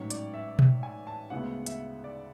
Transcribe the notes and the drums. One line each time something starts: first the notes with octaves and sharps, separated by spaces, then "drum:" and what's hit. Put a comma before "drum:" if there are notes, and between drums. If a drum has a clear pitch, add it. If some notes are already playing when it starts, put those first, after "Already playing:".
Already playing: A1 G#2 F#3 C#4 C#5
D5, drum: hi-hat
E5
drum: tom B2
G#5
A5
D2 C#3 G#3 B3 E4 F#5
E5, drum: hi-hat
D5